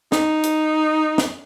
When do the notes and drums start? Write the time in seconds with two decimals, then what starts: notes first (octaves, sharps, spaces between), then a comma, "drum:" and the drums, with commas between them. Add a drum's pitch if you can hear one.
0.12 D#4, drum: snare
0.43 drum: hi-hat
1.18 drum: snare